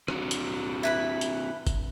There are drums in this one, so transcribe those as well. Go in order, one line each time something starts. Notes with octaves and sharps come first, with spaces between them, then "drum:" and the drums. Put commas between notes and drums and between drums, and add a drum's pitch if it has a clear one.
C4 D4 F#4, drum: rim click
drum: hi-hat
E4 B4 B5
drum: hi-hat
drum: kick, hi-hat